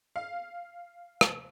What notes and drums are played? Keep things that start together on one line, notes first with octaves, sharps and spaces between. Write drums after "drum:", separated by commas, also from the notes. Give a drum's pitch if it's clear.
F5
drum: rim click